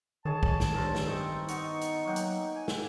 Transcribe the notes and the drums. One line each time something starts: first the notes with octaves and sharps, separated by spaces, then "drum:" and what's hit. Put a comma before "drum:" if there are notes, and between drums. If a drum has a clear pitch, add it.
D#3 G#4 C#5 D#5 A5
drum: kick
drum: snare
G2 A4 A#4 C5
drum: snare
C4 D#4 C#6
B3 D#4 D#5 C#6, drum: hi-hat
drum: hi-hat
F#3 A#3 F#5 G5
drum: hi-hat
G#5
drum: snare